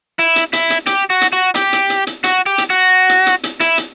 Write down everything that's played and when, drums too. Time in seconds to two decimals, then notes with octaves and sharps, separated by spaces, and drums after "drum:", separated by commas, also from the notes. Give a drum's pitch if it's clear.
0.19 E4
0.36 drum: hi-hat
0.53 E4, drum: hi-hat
0.70 drum: hi-hat
0.87 G4, drum: hi-hat
1.10 F#4
1.21 drum: hi-hat
1.33 F#4
1.55 G4, drum: hi-hat
1.73 drum: hi-hat
1.90 drum: hi-hat
2.07 drum: hi-hat
2.24 F#4, drum: hi-hat
2.46 G4
2.58 drum: hi-hat
2.70 F#4
3.09 drum: hi-hat
3.26 drum: hi-hat
3.43 drum: hi-hat
3.60 E4, drum: hi-hat
3.78 drum: hi-hat